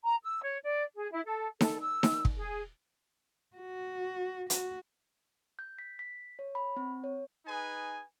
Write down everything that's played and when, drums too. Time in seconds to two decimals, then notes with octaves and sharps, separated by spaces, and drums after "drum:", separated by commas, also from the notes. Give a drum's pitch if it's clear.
0.04 A#5
0.23 E6
0.42 C#5
0.64 D5
0.95 G#4
1.12 E4
1.25 A4
1.61 A4, drum: snare D#4
1.81 E6
2.03 drum: snare D#4
2.25 drum: kick
2.37 G#4
3.57 F#4
4.50 F#4, drum: hi-hat
5.59 G6
5.79 B6
5.99 B6
6.39 C#5
6.55 B5
6.76 C4
7.04 C#5
7.46 D#4 G#4 B4 G#5